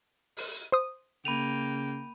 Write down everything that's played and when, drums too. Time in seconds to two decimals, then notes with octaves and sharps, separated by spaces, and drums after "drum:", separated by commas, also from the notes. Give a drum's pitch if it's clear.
0.37 drum: open hi-hat
0.72 C5 D#6
1.25 C#3 A#3 G5 B5 D#7 F7